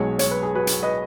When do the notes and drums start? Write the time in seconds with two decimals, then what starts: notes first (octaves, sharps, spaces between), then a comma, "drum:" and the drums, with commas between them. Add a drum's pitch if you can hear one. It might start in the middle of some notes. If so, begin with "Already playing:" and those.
Already playing: B1 B2 G#3 G#4 C#5
0.19 C#5, drum: hi-hat
0.31 B4
0.43 G#4
0.55 F#4 B4
0.67 drum: hi-hat
0.83 B4 D#5